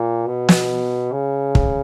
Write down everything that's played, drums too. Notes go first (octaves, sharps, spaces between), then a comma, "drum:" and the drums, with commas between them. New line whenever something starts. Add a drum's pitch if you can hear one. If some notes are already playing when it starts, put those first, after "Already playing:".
Already playing: A#2
B2
drum: snare
C#3
drum: kick